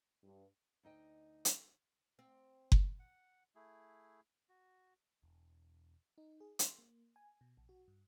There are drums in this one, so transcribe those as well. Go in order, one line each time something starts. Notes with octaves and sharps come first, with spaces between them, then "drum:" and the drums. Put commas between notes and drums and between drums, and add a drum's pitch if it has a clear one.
G2
D2 D#4 D#5 G5
drum: hi-hat
C4
drum: kick F#1
F#5
A3 E4 G#4
F#4
E1
D#4
G#4
C6, drum: hi-hat
A#3
G#5
B2
A#1
F#4
G2